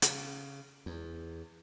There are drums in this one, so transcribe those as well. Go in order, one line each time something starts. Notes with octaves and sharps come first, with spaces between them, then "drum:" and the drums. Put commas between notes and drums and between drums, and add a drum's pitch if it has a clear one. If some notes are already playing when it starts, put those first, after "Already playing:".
C#3, drum: hi-hat
E2